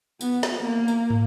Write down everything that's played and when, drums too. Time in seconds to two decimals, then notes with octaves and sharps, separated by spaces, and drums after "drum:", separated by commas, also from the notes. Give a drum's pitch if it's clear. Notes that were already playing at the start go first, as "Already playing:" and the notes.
0.21 B3, drum: tambourine
0.43 drum: snare
0.62 A#3
0.88 drum: tambourine
1.10 drum: tom